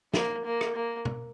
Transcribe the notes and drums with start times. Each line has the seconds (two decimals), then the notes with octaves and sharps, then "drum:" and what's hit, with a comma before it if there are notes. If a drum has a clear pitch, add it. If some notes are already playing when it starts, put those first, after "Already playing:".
0.14 A#3, drum: snare
0.45 A#3
0.61 drum: rim click
0.76 A#3
1.05 drum: tom